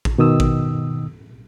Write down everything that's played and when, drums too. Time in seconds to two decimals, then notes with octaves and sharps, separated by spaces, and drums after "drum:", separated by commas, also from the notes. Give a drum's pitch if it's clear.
0.05 drum: kick A1
0.18 B2 D#3 D#6 E6
0.40 drum: kick A1